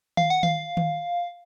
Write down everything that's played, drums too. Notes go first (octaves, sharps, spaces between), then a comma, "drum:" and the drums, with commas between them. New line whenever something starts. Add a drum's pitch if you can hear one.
F5, drum: tom D#3
F#5
F5, drum: tom D#3
drum: tom D#3